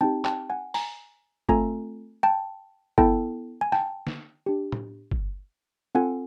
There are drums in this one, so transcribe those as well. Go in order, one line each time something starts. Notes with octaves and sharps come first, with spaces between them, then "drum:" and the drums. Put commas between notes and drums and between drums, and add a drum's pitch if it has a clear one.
C4 D#4 G4 G5 A5
G5 A5, drum: clap
F#5 G#5
G#5 A#5, drum: open hi-hat
A3 C4 F4 A4 G#5 A#5, drum: kick G1
G5 A5
B3 E4 A4 G5 A5, drum: kick G1
G#5
G5 A5, drum: rim click
drum: snare
D4 G4
drum: tom A2
drum: kick G1
C4 F4 A4 F#5 G#5